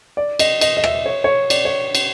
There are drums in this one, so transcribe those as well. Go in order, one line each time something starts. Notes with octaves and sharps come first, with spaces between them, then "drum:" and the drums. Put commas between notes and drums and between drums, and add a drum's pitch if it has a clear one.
D5
D#5, drum: cymbal
D#5, drum: cymbal
D#5
E5, drum: rim click
C#5
C#5
D5, drum: cymbal
C#5
drum: cymbal